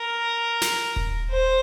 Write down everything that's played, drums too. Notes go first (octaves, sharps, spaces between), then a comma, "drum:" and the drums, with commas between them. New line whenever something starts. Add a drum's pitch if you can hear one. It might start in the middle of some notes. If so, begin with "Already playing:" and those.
Already playing: A#4
drum: snare
drum: kick D#1
C5